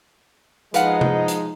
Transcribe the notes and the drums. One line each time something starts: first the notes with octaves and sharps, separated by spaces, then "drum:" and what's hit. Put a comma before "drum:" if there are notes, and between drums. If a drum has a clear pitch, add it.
F3 G#3 D#4 B4 F5 F#5, drum: hi-hat
drum: tom C3
drum: hi-hat